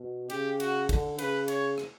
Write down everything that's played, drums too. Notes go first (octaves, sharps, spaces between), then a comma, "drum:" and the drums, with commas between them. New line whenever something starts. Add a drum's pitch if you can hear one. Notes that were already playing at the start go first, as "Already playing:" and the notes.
Already playing: B2
C#3 G4, drum: cymbal
F#4, drum: cymbal
D3, drum: kick, cymbal
C#3 B4, drum: cymbal
C#5, drum: cymbal
drum: rim click